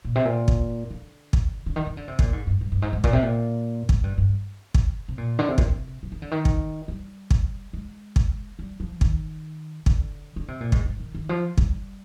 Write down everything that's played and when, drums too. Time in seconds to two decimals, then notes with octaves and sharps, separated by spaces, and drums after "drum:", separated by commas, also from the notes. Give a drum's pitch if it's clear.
0.05 A#2
0.15 C3
0.25 A#2
0.48 drum: kick
0.90 D3
1.33 drum: kick
1.66 D3
1.76 D#3
1.87 D#3
1.97 D3
2.08 C3
2.19 A#2, drum: kick
2.33 G#2
2.47 G2
2.61 G2
2.72 G2
2.82 G#2
2.93 G#2
3.04 A#2, drum: kick
3.13 C3
3.23 A#2
3.89 G#2, drum: kick
4.04 G2
4.18 G2
4.74 drum: kick
5.08 C3
5.18 A#2
5.39 D3
5.49 C3
5.58 A#2, drum: kick
5.68 C3
6.03 F3
6.12 D#3
6.22 D3
6.31 D#3
6.45 drum: kick
6.88 G3
7.30 drum: kick
7.73 G#3
8.16 drum: kick
8.59 G3
8.80 F3
9.01 D#3, drum: kick
9.86 D3, drum: kick
10.36 D3
10.48 C3
10.61 A#2
10.72 G#2, drum: kick
10.86 G#2
11.00 D#3
11.15 D#3
11.29 F3
11.58 G3, drum: kick